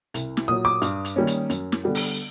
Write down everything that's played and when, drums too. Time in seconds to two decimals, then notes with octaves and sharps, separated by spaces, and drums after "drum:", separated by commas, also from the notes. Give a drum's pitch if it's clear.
0.14 C2, drum: hi-hat
0.37 drum: snare
0.48 A#2 F#3 D#6
0.65 D6
0.82 G2, drum: hi-hat
1.05 drum: hi-hat
1.16 D#3 G3 A#3 C#4
1.27 drum: hi-hat
1.50 F#2, drum: hi-hat
1.72 drum: snare
1.84 D3 G3 B3
1.95 drum: open hi-hat